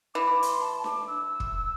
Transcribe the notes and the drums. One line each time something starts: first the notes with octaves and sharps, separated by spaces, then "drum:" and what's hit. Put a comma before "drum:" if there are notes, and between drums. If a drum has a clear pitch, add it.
E3 D6
D6
C6, drum: hi-hat
A5
D6, drum: snare D4
E6
drum: kick